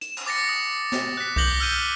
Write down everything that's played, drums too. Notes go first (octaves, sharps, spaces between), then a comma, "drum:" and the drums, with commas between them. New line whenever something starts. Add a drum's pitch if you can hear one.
E7, drum: hi-hat
drum: cymbal
D6 A6 A#6 C#7
D#6
drum: snare
F#6 B6
D6 G6 A#6 F#7 G7, drum: kick C2
E6 F6 G6 D#7